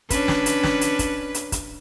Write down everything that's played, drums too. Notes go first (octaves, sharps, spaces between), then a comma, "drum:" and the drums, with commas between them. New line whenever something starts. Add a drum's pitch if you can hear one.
C#4 D4 B4, drum: kick, hi-hat
drum: snare
drum: hi-hat
drum: snare
drum: hi-hat
drum: kick, hi-hat
drum: hi-hat
drum: kick, hi-hat